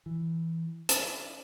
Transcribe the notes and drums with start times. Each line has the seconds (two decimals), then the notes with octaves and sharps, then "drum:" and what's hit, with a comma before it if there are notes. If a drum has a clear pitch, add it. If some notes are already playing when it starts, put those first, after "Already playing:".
0.06 E3
0.89 C#4, drum: hi-hat